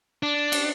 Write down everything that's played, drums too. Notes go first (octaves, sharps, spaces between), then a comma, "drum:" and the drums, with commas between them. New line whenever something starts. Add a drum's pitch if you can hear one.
D4
drum: cymbal